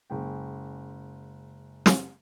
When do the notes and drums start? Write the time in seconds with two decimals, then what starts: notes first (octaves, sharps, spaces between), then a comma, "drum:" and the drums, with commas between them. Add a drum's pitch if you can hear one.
0.10 F#1 G#3 G5
1.86 drum: snare